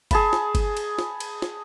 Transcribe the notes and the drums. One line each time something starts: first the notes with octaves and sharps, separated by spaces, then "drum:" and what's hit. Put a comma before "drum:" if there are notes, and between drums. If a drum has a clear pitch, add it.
G#4 A5 B5, drum: kick G1, cymbal
drum: snare
drum: kick G1, cymbal
drum: cymbal
drum: snare
drum: cymbal
drum: snare